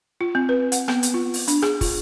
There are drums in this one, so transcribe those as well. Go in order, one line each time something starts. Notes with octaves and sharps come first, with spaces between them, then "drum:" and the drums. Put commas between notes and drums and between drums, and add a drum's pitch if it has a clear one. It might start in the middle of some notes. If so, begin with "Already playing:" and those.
F4
C4
B4
F#5, drum: hi-hat
B3, drum: rim click
drum: hi-hat
F4
drum: open hi-hat
D4, drum: hi-hat
G#4, drum: rim click
F4, drum: kick, open hi-hat